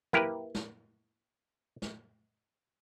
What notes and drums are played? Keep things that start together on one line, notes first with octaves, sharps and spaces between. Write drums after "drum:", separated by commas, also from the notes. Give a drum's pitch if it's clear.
A#3 E4 G4 A#4 B4, drum: tom
drum: snare
drum: snare